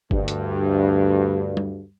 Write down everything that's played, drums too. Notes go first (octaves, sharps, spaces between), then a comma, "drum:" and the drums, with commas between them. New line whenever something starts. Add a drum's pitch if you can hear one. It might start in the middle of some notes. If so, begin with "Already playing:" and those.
D2 G2, drum: kick G1
drum: hi-hat
drum: tom G3